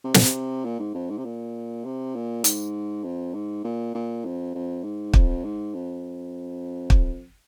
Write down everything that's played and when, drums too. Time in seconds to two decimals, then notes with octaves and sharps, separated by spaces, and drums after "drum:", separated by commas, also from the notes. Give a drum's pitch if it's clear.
0.04 C3
0.14 A#2, drum: snare
0.22 C3
0.64 A#2
0.79 G#2
0.94 F2
1.10 G#2
1.18 C3
1.25 A#2
1.85 C3
2.15 A#2
2.44 G#2, drum: hi-hat
3.04 F2
3.34 G#2
3.64 A#2
3.95 A#2
4.25 F2
4.55 F2
4.83 G#2
5.13 F2, drum: kick
5.44 G#2
5.74 F2
6.90 drum: kick